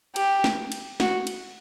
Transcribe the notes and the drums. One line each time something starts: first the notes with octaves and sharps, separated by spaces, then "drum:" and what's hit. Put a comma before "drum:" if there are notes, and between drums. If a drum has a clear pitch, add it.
G4, drum: cymbal
drum: snare
drum: cymbal
F#4, drum: snare
drum: cymbal